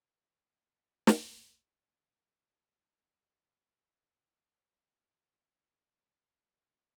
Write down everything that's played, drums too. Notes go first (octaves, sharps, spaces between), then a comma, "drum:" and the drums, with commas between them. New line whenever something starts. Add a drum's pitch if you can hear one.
E5
drum: snare
G#1 G6
A#4
A#3 E5 A#5 C6
G#1 D#3 E3 A3 B3
D#1 C2 B2 G3
C2 D5
E3 C#4